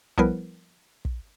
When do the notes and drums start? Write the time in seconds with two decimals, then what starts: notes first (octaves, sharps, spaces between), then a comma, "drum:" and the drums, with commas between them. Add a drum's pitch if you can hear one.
0.18 F3 G3 B3 E4 A#4 B4, drum: kick
1.05 drum: kick